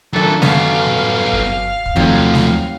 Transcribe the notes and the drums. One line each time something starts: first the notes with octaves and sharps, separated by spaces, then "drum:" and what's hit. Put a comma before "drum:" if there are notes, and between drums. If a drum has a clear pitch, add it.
A#2 D#3 F#3 A3 D4 A4
F#2 B2 D3 B3 A4 F5, drum: snare G#3
A2
G1
drum: kick
D#2 D#3 F3 F#3 A3 C4
drum: snare G#3